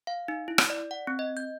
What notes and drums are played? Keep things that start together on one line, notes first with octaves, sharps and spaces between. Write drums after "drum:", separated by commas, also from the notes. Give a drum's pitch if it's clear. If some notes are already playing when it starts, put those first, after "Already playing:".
F5
D#4
E4
drum: rim click
D5
F#5
C4
D#5
G6